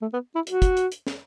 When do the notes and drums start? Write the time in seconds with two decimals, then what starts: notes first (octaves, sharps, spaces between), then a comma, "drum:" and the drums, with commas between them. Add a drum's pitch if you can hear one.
0.02 A3
0.13 B3
0.35 E4
0.47 F#4, drum: hi-hat
0.62 drum: kick, hi-hat
0.77 drum: hi-hat
0.92 drum: hi-hat
1.07 drum: snare